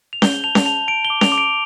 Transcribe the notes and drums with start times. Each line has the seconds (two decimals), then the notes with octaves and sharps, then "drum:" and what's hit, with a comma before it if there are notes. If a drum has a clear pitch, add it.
0.13 F7
0.22 G6 G7, drum: snare C#4
0.44 A5 F7
0.55 drum: snare C#4
0.66 A5 F7
0.88 A5 D7
1.05 G7
1.10 D6
1.21 F7, drum: snare C#4
1.32 D6
1.38 D7